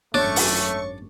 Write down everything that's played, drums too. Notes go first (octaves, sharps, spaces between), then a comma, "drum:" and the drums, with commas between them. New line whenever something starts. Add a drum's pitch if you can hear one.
G#1 F#2 A3 D4 C#5 C#6
drum: open hi-hat